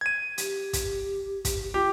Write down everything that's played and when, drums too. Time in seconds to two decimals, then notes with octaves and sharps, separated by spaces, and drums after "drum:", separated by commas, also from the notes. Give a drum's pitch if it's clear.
0.01 G#6 D#7
0.38 G4, drum: hi-hat
0.73 drum: kick, hi-hat
1.45 drum: kick, hi-hat
1.74 F4 G4